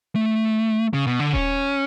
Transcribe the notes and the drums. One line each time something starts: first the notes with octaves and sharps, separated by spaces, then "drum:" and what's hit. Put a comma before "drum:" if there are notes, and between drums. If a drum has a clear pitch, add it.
A3
C#3
B2
D3
C#4, drum: kick D#1